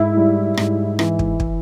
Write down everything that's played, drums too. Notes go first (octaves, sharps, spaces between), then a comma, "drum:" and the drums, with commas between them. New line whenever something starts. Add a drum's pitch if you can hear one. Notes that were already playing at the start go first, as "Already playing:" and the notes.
Already playing: G#2 E4
G3
G#2, drum: rim click
E3, drum: rim click
drum: kick
drum: kick